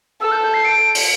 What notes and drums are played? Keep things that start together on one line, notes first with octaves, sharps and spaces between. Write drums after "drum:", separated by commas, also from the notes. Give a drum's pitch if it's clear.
A4 E6
G6
G6
C7
D7
drum: open hi-hat